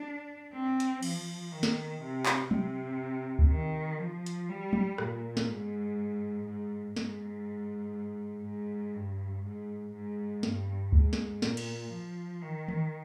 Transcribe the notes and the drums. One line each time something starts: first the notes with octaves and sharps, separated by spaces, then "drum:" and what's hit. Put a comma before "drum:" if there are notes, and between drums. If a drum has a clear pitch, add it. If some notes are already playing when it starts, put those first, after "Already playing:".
Already playing: D4
C4
drum: hi-hat
F3, drum: cymbal
D#3
drum: snare
C3
drum: clap
C3, drum: tom
drum: kick D2
D#3
F3
drum: hi-hat
G3
drum: tom
A#2, drum: rim click
drum: snare
G#2
G#2
G#2, drum: snare
G#2
G2
G#2
G#2
G2, drum: snare
G#2, drum: kick D2
drum: snare
A#2, drum: snare
drum: cymbal
F3
D#3
drum: tom D#3